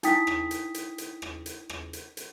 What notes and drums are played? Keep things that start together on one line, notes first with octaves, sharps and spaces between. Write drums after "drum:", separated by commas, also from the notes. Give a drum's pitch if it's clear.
D#4 E4 G5 D#6 B6, drum: hi-hat
drum: rim click
drum: hi-hat
drum: hi-hat
drum: hi-hat
drum: rim click
drum: hi-hat
drum: rim click
drum: hi-hat
drum: hi-hat